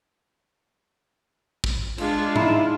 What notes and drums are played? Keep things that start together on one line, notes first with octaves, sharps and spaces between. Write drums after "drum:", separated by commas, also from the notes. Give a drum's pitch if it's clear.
drum: kick
G#3 D4 F4, drum: cymbal
D#4 E4, drum: tom G#2